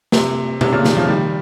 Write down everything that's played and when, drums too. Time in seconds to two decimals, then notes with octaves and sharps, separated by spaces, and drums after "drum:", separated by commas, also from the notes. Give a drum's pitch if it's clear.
0.12 C3, drum: snare
0.61 C3, drum: tom B2
0.72 A#2 C#3
0.84 C3 D#3, drum: snare
0.97 C#3 F3
1.08 D#3 G3